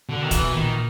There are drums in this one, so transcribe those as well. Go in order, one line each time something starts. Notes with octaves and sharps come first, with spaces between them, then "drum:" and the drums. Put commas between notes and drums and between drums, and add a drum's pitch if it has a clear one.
B2 D3
D#3
B2 E3, drum: kick, hi-hat
A#2 D#3